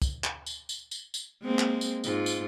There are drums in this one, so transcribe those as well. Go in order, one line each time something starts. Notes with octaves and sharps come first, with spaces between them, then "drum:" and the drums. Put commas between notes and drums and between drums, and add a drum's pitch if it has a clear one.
drum: kick, tambourine
drum: clap
drum: tambourine
drum: tambourine
drum: tambourine
drum: tambourine
G#3 A#3 C4
drum: clap
drum: tambourine
G#2 F4, drum: tambourine
drum: tambourine